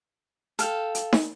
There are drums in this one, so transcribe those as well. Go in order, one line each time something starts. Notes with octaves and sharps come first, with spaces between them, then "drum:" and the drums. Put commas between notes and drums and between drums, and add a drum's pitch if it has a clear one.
A4 F5 G5, drum: hi-hat
drum: hi-hat
drum: snare